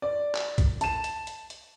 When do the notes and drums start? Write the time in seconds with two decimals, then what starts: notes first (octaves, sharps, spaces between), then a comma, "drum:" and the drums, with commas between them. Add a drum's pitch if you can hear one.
0.02 D5
0.35 drum: clap
0.58 drum: kick, hi-hat
0.81 A5 E7, drum: hi-hat
1.04 drum: hi-hat
1.27 drum: hi-hat
1.50 drum: hi-hat